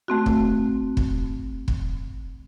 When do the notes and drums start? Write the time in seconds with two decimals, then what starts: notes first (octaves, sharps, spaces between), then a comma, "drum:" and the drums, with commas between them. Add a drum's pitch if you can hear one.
0.08 A3 C4 F#4
0.26 drum: kick
0.97 drum: kick
1.68 drum: kick